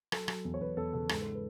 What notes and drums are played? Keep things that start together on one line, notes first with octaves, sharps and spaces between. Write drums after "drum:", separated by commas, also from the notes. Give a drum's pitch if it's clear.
F#3 A4, drum: rim click
F#3, drum: rim click
E2
C#5
E2 B4
E2 A4
C#3 A4
G#2 A4, drum: rim click
A4
B4